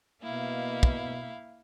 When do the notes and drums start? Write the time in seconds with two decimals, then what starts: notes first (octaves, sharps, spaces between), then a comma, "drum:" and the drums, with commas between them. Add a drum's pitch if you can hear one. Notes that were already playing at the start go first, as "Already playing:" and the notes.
0.23 B2 A#3 E4 F5
0.83 drum: kick